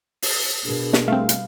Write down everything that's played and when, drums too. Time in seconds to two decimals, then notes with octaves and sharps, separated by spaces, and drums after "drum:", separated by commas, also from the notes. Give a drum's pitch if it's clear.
0.22 C7, drum: open hi-hat
0.64 B2 D4 G#4 A#4
0.93 drum: snare
1.08 G3 A3 C4 F5
1.29 drum: hi-hat